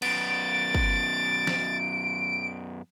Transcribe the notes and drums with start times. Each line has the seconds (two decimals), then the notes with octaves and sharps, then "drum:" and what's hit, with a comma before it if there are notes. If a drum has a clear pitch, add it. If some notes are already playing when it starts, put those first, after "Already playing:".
0.02 F#2 B3 A6 D7, drum: cymbal
0.74 drum: kick
1.47 drum: snare